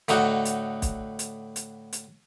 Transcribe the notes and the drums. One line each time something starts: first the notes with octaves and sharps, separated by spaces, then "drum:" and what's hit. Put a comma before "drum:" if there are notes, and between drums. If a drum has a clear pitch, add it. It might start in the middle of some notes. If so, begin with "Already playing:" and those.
A2 D3 D#4 F#4, drum: hi-hat
drum: hi-hat
drum: kick, hi-hat
drum: hi-hat
drum: hi-hat
drum: hi-hat